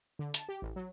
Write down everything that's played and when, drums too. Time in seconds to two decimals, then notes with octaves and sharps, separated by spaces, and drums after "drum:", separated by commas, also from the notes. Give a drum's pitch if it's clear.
0.19 D3
0.34 A5, drum: hi-hat
0.49 G4
0.62 A1
0.76 F#3